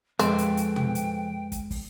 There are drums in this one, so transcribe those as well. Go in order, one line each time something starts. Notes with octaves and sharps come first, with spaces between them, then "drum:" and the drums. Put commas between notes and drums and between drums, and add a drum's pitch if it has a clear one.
F2 F3 G#3 C4 A4 B4 G5, drum: hi-hat
drum: hi-hat
drum: hi-hat
drum: tom
drum: hi-hat
drum: kick, hi-hat
drum: kick, open hi-hat